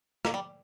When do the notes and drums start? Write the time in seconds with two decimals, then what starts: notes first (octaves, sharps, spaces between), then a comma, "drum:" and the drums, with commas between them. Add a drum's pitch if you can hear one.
0.25 A#3, drum: rim click
0.34 G3